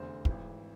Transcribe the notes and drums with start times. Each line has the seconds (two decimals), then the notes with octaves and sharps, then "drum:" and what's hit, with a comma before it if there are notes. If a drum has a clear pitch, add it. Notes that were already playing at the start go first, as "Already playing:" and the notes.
Already playing: F1 E2 D3 C5
0.25 G#1 G#2 E3, drum: kick